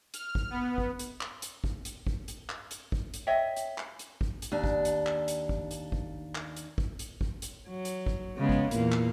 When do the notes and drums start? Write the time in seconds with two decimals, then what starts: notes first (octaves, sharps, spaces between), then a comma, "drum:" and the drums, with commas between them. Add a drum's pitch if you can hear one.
0.14 F6, drum: hi-hat
0.35 drum: kick
0.50 B3
0.78 drum: kick
0.99 drum: hi-hat
1.21 drum: clap
1.42 drum: hi-hat
1.64 drum: kick
1.85 drum: hi-hat
2.07 drum: kick
2.28 drum: hi-hat
2.49 drum: clap
2.71 drum: hi-hat
2.92 drum: kick
3.14 drum: hi-hat
3.27 C#5 D#5 E5 G5
3.57 drum: hi-hat
3.78 drum: clap
3.99 drum: hi-hat
4.21 drum: kick
4.42 drum: hi-hat
4.52 D#2 D4
4.64 drum: kick
4.85 drum: hi-hat
5.06 drum: clap
5.28 drum: hi-hat
5.49 drum: kick
5.71 drum: hi-hat
5.92 drum: kick
6.35 drum: clap
6.56 drum: hi-hat
6.78 drum: kick
6.99 drum: hi-hat
7.21 drum: kick
7.42 drum: hi-hat
7.69 F#3
7.85 drum: hi-hat
8.06 drum: kick
8.37 C#3 G#3 B3
8.49 drum: kick
8.71 E2 A#2 A#3, drum: hi-hat
8.92 drum: clap